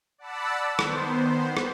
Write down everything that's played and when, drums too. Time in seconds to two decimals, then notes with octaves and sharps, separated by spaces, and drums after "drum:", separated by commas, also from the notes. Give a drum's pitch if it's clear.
0.18 D5 F#5 A5 B5 E6
0.79 D#3 B3 C5, drum: rim click
1.57 drum: rim click